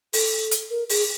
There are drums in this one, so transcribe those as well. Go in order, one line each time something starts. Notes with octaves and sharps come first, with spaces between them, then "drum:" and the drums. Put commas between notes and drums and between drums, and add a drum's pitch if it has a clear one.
A4, drum: open hi-hat
drum: hi-hat
A#4
G#4, drum: open hi-hat